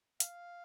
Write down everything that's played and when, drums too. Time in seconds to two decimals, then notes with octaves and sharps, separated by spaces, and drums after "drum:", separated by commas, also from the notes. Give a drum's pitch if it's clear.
0.20 F5, drum: hi-hat